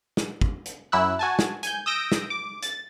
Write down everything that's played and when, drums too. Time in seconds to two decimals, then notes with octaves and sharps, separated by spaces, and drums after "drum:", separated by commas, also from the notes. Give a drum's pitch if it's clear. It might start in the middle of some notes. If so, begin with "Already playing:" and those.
0.17 drum: snare
0.41 drum: kick
0.66 drum: hi-hat
0.92 F#2 E4 E6 F#6
1.19 F#4 G#5 A5
1.39 drum: snare
1.63 G#5 G6, drum: hi-hat
1.86 D#6 E6 G6 A#6 D7
2.12 drum: snare
2.30 D6
2.63 A6, drum: hi-hat